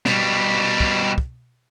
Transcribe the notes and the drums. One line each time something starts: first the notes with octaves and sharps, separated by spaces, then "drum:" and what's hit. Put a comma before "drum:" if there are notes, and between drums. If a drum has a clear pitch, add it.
B2 G3, drum: snare
drum: kick
drum: kick